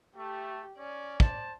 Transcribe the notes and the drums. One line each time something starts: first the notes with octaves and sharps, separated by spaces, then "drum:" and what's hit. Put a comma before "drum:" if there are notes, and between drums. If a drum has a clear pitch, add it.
A3 G4
C#4 D5
C5 A5, drum: kick